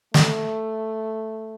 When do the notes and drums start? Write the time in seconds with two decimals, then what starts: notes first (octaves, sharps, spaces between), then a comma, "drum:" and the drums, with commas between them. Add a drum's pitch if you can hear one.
0.14 A3, drum: snare